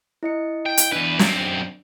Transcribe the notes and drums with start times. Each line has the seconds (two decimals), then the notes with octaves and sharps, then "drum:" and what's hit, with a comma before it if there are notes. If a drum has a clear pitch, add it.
0.23 E4 D#5 C#7
0.66 G5
0.77 drum: hi-hat
0.92 E2 D4 B4
1.19 F#2 C4, drum: snare